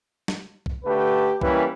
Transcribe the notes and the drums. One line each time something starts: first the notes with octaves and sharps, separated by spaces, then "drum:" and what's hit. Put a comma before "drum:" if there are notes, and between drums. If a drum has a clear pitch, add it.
drum: snare
drum: kick
D3 A3 G4 B4
E3 G3 A#3 C#4 E4 B4, drum: kick